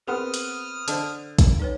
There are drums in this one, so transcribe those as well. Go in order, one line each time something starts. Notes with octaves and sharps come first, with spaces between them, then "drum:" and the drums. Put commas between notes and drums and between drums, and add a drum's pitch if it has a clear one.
B3 C4 G#4 A#4 F#5 C6 D#6 F6
drum: hi-hat
D3 C5 D#5 A5, drum: hi-hat
drum: kick, hi-hat
D#4 B4 C#5